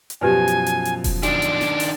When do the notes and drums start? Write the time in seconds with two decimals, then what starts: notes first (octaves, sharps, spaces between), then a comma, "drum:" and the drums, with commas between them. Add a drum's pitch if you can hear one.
0.10 drum: hi-hat
0.21 F#2 B2 F3 G4 B4 D5 G#5
0.48 drum: hi-hat
0.66 drum: hi-hat
0.85 drum: hi-hat
1.04 drum: kick E1, open hi-hat
1.23 D#3 D4 F#4 D7, drum: hi-hat
1.42 drum: hi-hat
1.61 drum: snare
1.80 drum: open hi-hat